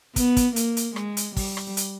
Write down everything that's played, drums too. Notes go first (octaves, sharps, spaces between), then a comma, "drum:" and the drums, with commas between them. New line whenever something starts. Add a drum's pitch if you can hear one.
B3, drum: kick, hi-hat
drum: kick, hi-hat
A#3, drum: hi-hat
drum: hi-hat
G#3, drum: rim click
drum: hi-hat
G3, drum: kick, open hi-hat
drum: rim click
drum: hi-hat